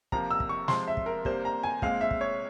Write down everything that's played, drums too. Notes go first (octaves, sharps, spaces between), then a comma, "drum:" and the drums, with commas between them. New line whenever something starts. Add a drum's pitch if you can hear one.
C3 F3 A#3 A#5, drum: kick
E6
drum: kick
C#6
C3 F3 G#3 C6, drum: snare
E5
drum: kick
A#4
C3 G3 A#3 C5, drum: kick
A#5
G#5
A#2 G#3 C4 F5, drum: kick
E5
drum: kick
C#5